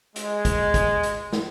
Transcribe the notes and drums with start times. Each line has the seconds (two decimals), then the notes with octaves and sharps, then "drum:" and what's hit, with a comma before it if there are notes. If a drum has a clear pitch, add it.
0.16 G#3, drum: hi-hat
0.45 drum: kick, hi-hat
0.74 drum: kick, hi-hat
1.03 drum: hi-hat
1.33 drum: snare